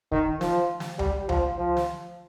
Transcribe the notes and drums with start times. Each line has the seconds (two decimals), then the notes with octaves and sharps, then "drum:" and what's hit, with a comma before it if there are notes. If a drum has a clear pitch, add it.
0.12 D#3, drum: kick
0.41 F3, drum: snare
0.80 drum: snare
0.99 G3, drum: tom C#2
1.29 F3, drum: tom C#2
1.58 F3
1.77 drum: snare